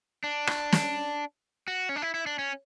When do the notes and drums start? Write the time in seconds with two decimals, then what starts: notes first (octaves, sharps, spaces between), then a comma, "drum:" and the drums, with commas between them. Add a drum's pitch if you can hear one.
0.24 D4
0.47 drum: rim click
0.73 drum: snare
1.68 F#4
1.89 C#4
1.96 D4
2.02 E4
2.14 E4
2.26 D4
2.39 C#4